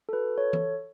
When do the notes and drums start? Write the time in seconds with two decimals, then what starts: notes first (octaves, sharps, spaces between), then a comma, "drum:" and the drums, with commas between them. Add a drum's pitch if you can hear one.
0.09 A4
0.13 F#4 B4
0.38 A4 C#5
0.53 drum: tom E3